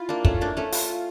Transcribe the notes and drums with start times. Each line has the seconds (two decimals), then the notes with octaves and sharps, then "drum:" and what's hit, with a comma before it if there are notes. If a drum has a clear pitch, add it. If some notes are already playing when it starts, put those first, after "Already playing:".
Already playing: E4 F4
0.09 A#3 D4
0.25 A3 C#4, drum: kick
0.41 A#3 D4
0.57 A3 C#4
0.72 F4, drum: open hi-hat